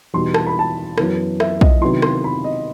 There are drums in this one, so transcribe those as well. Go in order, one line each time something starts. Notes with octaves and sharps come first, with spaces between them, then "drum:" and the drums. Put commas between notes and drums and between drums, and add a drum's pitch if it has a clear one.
E2 B2 G3 D#4 C6
A5, drum: rim click
B5
A5
F#2 E3 B3, drum: rim click
E5, drum: rim click
D#5, drum: kick B1
C3 D#3 F#3 B3 E4 C6
C6, drum: rim click
B5
D#5